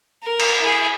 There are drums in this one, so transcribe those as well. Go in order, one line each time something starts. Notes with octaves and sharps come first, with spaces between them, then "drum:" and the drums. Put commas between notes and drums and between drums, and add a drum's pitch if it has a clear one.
A#4
drum: cymbal
E4 G#4